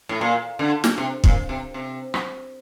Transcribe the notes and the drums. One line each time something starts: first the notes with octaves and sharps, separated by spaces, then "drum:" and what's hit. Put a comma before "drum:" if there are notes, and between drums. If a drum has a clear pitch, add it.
A2
A#2
D3
drum: snare
C3
A#2, drum: kick
C3
C3
drum: rim click